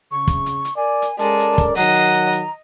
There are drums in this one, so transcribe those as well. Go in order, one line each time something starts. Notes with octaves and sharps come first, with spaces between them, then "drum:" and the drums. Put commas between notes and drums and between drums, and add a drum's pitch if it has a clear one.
C#3 C#6
drum: kick, hi-hat
drum: hi-hat
drum: hi-hat
A#4 D5 G#5
drum: hi-hat
G#3 C#4 A4 A#4 D5 A5, drum: hi-hat
drum: hi-hat
drum: kick, hi-hat
D#3 F#3 D#5 F#5 A#5, drum: open hi-hat
drum: hi-hat
drum: hi-hat
drum: hi-hat